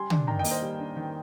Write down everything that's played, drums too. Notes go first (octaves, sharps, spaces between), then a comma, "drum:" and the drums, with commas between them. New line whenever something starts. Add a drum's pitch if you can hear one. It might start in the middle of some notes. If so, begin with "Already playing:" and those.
Already playing: G3 G#5 C6
D4, drum: tom
D#3 G5 A#5
D#5 G5
A#3, drum: open hi-hat
C5 D#5
G3
D4
D#3